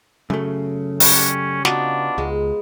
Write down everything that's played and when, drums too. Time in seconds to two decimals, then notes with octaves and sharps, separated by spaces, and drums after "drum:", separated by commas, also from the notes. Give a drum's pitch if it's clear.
0.30 F#2 C#3 A3
1.00 C#4 G4 D5 F#5, drum: open hi-hat
1.65 B3 D4 D#4 F4 F#4, drum: snare
2.18 C#2 G#3